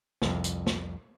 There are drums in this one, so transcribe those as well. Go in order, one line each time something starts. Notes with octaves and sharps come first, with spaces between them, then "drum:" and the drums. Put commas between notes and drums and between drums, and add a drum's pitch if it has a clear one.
C2 F2, drum: snare
drum: hi-hat
drum: snare